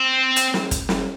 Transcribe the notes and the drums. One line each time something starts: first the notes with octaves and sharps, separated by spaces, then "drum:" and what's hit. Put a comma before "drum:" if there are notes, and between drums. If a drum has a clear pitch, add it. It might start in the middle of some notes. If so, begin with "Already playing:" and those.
Already playing: C4
drum: hi-hat
drum: snare
drum: kick, hi-hat
drum: snare